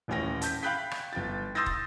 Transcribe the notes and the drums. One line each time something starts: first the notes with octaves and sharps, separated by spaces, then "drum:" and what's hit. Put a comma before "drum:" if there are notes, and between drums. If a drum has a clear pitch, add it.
D#1 A1 A2 C#4 G5 A#6
A5 G6 B6, drum: hi-hat
F5 G5 B5 F#6 G6 B6
drum: rim click
G1 G5 A6
C6 D#6 E6 G6 A6 A#6
drum: kick